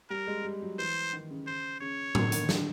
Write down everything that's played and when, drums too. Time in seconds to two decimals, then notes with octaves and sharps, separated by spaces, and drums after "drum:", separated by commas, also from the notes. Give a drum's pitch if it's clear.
0.10 G3 A#4
0.27 G#3
0.44 G3
0.62 F#3
0.78 E3 C5
1.13 D#3
1.30 C#3
1.47 C5
1.81 C#3 C#5
2.15 D3, drum: tom A2
2.32 D#3, drum: hi-hat
2.49 D3, drum: snare